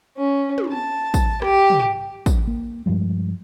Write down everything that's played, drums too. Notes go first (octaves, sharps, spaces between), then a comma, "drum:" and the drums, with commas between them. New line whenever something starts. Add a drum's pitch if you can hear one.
C#4
drum: tom
A5
drum: kick, tambourine
G4, drum: rim click
drum: tom
drum: kick, tambourine
A#3
G2 F3 G3 G#3